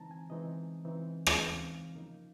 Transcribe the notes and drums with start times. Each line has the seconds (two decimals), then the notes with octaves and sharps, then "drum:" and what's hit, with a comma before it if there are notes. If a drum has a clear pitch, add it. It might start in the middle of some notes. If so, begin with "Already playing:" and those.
Already playing: C#3 E3 G#3 C4 D#4 A5 A#5
0.11 G#5
0.30 C#3 E3 G#3 C4 D#4 D#5
0.85 C#3 E3 G#3 C4 D#4
1.26 drum: rim click
1.40 C#3 E3 G#3 C4 D#4 F5
1.95 C#3 F3 A#3 D#4